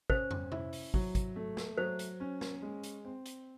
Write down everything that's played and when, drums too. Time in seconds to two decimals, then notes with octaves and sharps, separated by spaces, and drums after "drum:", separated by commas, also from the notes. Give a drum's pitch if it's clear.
0.10 C#4 C5, drum: kick
0.31 drum: tom
0.52 E4, drum: tom C3
0.73 drum: open hi-hat
0.94 F#3, drum: kick
1.15 drum: kick, hi-hat
1.36 A3
1.57 drum: snare
1.78 F#3 C5
1.99 drum: hi-hat
2.20 C#4
2.41 drum: snare
2.62 G#3
2.83 drum: hi-hat
3.05 C4
3.26 drum: hi-hat